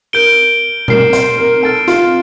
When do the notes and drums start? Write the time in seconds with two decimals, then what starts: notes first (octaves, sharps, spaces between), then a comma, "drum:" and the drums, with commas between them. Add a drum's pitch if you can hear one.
0.13 A#4 G6 D7 G7
0.88 A#4 F6 C7 E7, drum: tom B2
1.13 C5, drum: hi-hat
1.38 A#4
1.63 A4 F6 A6 D7
1.88 F4, drum: hi-hat